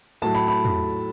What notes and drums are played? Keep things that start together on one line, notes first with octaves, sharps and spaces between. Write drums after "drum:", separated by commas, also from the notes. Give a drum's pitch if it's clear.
A2 F#3 A3 A5
B5
B5
drum: tom